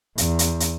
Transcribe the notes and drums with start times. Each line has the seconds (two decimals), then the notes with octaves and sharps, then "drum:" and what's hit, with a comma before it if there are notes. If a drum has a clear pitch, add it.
0.18 E2, drum: hi-hat
0.39 drum: hi-hat
0.60 drum: hi-hat